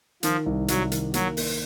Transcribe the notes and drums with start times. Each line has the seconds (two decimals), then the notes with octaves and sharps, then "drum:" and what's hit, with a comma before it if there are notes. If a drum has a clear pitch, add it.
0.23 D#3 F3, drum: hi-hat
0.46 C2
0.68 C2 F#3, drum: hi-hat
0.92 D#3, drum: hi-hat
1.14 F#3 A#3, drum: hi-hat
1.37 A#3, drum: open hi-hat